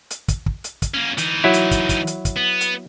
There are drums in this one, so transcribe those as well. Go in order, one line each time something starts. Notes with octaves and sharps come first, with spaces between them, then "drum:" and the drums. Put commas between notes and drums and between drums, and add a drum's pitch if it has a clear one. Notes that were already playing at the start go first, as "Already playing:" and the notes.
drum: hi-hat
drum: kick, hi-hat
drum: kick
drum: hi-hat
drum: kick, hi-hat
A#3 C#4
E3 D#4, drum: hi-hat
F#3 E4
drum: hi-hat
drum: kick, hi-hat
drum: kick, hi-hat
drum: hi-hat
drum: kick, hi-hat
B3
drum: hi-hat